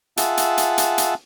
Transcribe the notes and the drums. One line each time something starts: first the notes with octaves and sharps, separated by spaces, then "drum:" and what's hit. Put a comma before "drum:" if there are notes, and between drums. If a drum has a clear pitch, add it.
F4 G#4 E5 F#5 A5 E6, drum: hi-hat
drum: hi-hat
drum: hi-hat
drum: hi-hat
drum: hi-hat